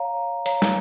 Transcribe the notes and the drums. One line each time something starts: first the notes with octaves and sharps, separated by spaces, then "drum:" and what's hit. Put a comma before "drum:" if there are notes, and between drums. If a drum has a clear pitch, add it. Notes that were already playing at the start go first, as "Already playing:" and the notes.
Already playing: C#5 F5 A#5
C#5 F5 A#5, drum: hi-hat
drum: snare